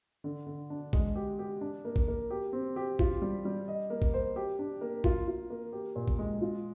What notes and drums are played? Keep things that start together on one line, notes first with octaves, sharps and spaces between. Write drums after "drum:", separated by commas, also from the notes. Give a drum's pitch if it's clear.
D3
D3
D4
G#3, drum: kick
G4
G4
D4
A#3
drum: kick
A#3
G4
C4
G4
F4, drum: kick
G3
G3
D#5
A#3
drum: kick
C5
G4
D4
A#3
F4, drum: kick
F4
A#3
G4
A#2
drum: kick
G#3
F4